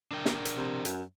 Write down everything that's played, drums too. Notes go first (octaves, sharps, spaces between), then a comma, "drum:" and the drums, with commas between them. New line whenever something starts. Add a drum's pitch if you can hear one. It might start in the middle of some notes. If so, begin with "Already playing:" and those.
D4 A#4 G5
drum: snare
drum: hi-hat
C3
F#2, drum: hi-hat